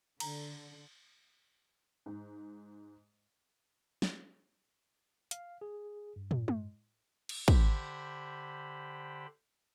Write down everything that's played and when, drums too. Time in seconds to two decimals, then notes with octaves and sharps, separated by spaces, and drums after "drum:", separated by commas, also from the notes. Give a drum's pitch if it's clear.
0.20 D3 A#5, drum: cymbal
2.06 G#2
4.02 drum: snare
5.31 F5, drum: hi-hat
5.61 G#4
6.16 G2
6.31 drum: tom
6.48 drum: tom G#3
7.29 drum: cymbal
7.48 D3 G4 C5 B5, drum: kick